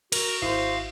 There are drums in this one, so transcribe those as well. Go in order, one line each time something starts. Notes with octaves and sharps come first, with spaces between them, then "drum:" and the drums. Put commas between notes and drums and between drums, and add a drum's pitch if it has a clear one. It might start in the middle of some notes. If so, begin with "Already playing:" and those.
F#4 A#4, drum: cymbal
G#1 E4 C5 F5 D#6